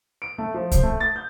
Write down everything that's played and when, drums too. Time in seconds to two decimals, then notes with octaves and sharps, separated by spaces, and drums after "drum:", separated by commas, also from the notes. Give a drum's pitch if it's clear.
0.22 D7
0.38 A3
0.54 F3
0.71 C5, drum: kick, hi-hat
0.83 A3
1.00 A6
1.16 G6